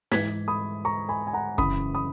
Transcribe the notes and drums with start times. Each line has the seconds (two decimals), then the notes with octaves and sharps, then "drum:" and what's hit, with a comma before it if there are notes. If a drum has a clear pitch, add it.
0.12 G#2 E3 G#6 B6, drum: snare
0.48 B5 D#6
0.85 A#5 C#6
1.09 G#5 B5
1.27 G#5
1.33 F#5 A#5
1.58 F#2 C#3 E3 B5 D#6, drum: kick
1.95 B5 D#6